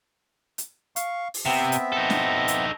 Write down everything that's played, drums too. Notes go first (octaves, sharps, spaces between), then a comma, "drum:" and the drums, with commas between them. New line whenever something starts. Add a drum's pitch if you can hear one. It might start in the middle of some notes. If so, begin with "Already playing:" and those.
drum: hi-hat
F5 C#6, drum: hi-hat
drum: open hi-hat
C3 B3 C4 E5
drum: hi-hat
D#4 A4
drum: snare
drum: hi-hat